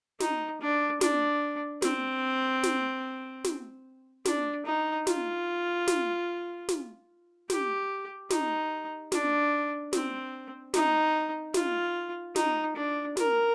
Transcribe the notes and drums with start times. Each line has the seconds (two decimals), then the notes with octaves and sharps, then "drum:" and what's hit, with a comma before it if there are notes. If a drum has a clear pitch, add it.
0.20 D#4, drum: snare
0.61 D4
1.01 D4, drum: snare
1.82 C4, drum: snare
2.63 drum: snare
3.44 drum: snare
4.25 D4, drum: snare
4.66 D#4
5.07 F4, drum: snare
5.88 drum: snare
6.69 drum: snare
7.50 G4, drum: snare
8.30 D#4, drum: snare
9.12 D4, drum: snare
9.93 C4, drum: snare
10.74 D#4, drum: snare
11.54 F4, drum: snare
12.36 D#4, drum: snare
12.76 D4
13.17 A#4, drum: snare